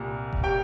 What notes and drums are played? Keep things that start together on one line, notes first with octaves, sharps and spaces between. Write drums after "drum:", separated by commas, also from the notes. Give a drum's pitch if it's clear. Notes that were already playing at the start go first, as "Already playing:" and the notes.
Already playing: C2 A#2 G3
drum: kick F1
G4 G5